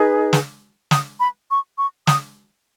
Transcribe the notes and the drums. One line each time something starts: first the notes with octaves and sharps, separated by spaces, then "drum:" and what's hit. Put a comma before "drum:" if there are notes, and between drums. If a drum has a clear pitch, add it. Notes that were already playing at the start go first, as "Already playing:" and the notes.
Already playing: D#4 G#4 B4
drum: snare
D#6, drum: snare
B5
C#6
C#6
D#6, drum: snare